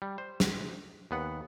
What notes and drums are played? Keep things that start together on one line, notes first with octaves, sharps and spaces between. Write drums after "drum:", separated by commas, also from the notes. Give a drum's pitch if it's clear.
G3
C5
drum: snare
D#2 B3 F#5